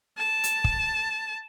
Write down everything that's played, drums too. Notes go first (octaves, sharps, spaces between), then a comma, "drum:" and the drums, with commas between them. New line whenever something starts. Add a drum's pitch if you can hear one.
A5
drum: hi-hat
drum: kick